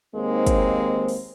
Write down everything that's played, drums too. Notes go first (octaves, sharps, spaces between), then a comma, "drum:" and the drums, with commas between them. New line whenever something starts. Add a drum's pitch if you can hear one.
D#2 G#3 A#3 C4 D#4 C5
drum: kick, hi-hat
drum: open hi-hat